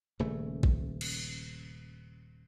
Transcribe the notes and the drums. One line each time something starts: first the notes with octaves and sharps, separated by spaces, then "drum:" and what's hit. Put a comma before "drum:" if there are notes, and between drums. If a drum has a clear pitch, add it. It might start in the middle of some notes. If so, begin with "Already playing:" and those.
D#1 C#3 A3
drum: kick
drum: cymbal